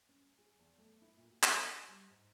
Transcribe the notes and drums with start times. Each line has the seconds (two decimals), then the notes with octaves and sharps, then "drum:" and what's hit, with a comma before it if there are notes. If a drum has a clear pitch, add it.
0.09 C#4
0.39 G#4
0.59 E2
0.78 A3
1.02 E4
1.17 A#2
1.30 F#4
1.43 E4, drum: clap
1.64 F#5
1.88 G3
2.10 G#2